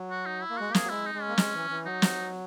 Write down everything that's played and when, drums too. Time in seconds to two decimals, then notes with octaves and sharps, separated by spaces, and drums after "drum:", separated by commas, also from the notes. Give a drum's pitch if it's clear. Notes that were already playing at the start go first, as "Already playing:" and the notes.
Already playing: F#3
0.10 F#4
0.26 D#4
0.42 E4
0.50 A#3
0.57 G#3 F#4
0.69 A#3
0.74 G#4, drum: snare
0.84 F#3
0.89 G#3 E4
1.06 D#4
1.15 G#3
1.22 C#4
1.29 A#3
1.38 G#3, drum: snare
1.55 E3
1.70 E3
1.86 F#3 D#4
2.02 drum: snare